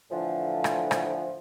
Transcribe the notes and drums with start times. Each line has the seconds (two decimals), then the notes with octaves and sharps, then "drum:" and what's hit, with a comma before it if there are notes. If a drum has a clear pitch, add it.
0.11 A2 D3 E3 F3
0.64 drum: rim click
0.91 drum: rim click